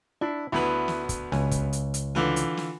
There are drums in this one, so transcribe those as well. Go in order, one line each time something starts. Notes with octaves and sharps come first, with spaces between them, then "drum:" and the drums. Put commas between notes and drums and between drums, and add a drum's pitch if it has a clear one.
D4 E4
D2 B3 E4 B4
drum: snare
drum: kick, hi-hat
C#2 G#5, drum: snare
drum: kick, hi-hat
drum: hi-hat
drum: hi-hat
D3 E3 F4
drum: hi-hat
drum: snare